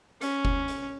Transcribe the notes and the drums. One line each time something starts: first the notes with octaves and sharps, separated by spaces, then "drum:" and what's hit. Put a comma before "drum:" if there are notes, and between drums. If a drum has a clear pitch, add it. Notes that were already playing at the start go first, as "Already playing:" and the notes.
C#4, drum: hi-hat
drum: kick F1
drum: hi-hat